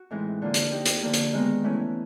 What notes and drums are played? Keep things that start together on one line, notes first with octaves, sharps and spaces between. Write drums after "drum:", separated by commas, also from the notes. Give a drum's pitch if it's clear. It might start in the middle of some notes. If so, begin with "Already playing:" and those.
Already playing: F#4
A2 E3 G#3 C4 D#4
D3 F3 A#3 D4 F4
drum: hi-hat
A#3 D#4 G4
drum: hi-hat
D3 F3 A#3
drum: hi-hat
D#3 G#3 B3 D#4
E3 A3 C#4 E4